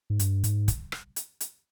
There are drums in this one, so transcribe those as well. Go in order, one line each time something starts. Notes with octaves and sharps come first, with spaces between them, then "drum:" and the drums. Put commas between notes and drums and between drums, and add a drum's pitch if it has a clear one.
G#2
G2, drum: hi-hat
G#2, drum: hi-hat
drum: kick, hi-hat
drum: rim click
drum: hi-hat
drum: hi-hat